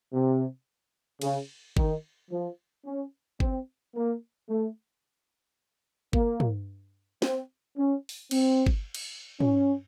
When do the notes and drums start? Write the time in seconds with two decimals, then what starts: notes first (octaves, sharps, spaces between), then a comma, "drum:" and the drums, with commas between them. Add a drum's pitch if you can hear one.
0.12 C3
1.22 C#3, drum: cymbal
1.77 D#3, drum: kick G1
2.31 F3
2.85 C#4
3.40 C4, drum: kick G1
3.95 A#3
4.50 A3
6.13 A#3, drum: kick G1
6.40 drum: tom
7.22 C4, drum: snare
7.77 C#4
8.09 drum: open hi-hat
8.31 C4, drum: cymbal
8.67 drum: kick G1
8.95 drum: cymbal
9.40 C#4, drum: tom